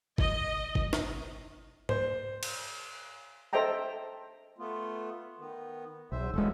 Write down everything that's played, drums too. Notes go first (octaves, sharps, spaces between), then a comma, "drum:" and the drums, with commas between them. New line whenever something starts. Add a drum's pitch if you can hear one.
D#5, drum: kick G1
drum: kick G1
drum: snare
C5, drum: tom G#2
drum: cymbal
A4 C5 D#5 E5 G5 A#5
A3 B3 F4
D#3 B3
B1 E2 C5 E5
E1 G#3 B3 C#4 A4